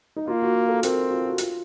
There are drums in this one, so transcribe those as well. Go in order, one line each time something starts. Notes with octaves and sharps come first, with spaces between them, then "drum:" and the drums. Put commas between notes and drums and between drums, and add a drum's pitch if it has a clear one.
D#4
A#3 F4
F#4
F#4
A4
C4 A#4, drum: hi-hat
F4
F#4
F4, drum: hi-hat